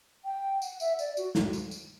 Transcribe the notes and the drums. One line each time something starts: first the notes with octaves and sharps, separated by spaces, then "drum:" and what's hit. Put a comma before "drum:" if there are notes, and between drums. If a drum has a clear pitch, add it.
G5
F#5, drum: tambourine
E5, drum: tambourine
D5, drum: tambourine
F#4, drum: tambourine
drum: snare
drum: tambourine
drum: tambourine